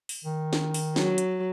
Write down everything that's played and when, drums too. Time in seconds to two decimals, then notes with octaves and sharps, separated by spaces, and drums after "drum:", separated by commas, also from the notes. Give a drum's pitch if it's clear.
0.09 drum: open hi-hat
0.24 D#3
0.53 drum: snare
0.74 drum: open hi-hat
0.96 F#3, drum: snare
1.18 drum: hi-hat